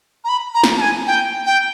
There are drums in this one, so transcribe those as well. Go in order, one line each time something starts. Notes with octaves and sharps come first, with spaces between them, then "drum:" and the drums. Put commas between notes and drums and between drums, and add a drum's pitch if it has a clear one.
A#5
B5
A#5
drum: snare
A5
G#5
G5
G5